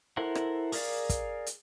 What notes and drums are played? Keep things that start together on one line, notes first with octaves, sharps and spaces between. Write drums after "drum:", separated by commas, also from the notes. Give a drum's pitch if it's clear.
E4 A4 A#4 C5 F#5
drum: rim click
G#4 A#4 D5 F5, drum: open hi-hat
drum: kick, hi-hat
drum: hi-hat